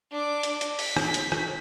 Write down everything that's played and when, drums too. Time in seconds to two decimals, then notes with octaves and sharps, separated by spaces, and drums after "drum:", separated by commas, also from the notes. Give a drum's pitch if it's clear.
0.12 D4 D6
0.43 drum: hi-hat
0.61 drum: hi-hat
0.79 B6, drum: open hi-hat
0.96 drum: rim click
1.14 drum: hi-hat
1.32 drum: rim click